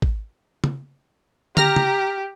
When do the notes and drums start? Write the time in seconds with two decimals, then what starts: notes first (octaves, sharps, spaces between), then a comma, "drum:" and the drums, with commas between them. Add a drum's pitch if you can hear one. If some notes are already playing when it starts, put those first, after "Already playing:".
0.02 drum: kick
0.64 drum: tom C#3
1.57 G4 A#5 F6 A#6, drum: tom
1.76 drum: tom C#3